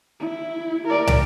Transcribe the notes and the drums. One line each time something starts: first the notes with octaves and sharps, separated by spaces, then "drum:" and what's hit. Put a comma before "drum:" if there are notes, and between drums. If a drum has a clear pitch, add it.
E4
A#4 D5
drum: tom